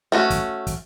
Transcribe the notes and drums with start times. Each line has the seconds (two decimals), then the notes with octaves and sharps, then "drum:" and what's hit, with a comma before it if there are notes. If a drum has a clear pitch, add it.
0.12 A3 C#4 F#4
0.30 drum: kick, hi-hat
0.67 drum: kick, hi-hat